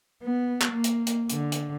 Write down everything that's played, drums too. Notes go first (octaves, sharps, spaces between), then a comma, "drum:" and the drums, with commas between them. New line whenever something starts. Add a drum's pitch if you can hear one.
B3
drum: clap
A#3
drum: hi-hat
drum: hi-hat
D3, drum: hi-hat
drum: hi-hat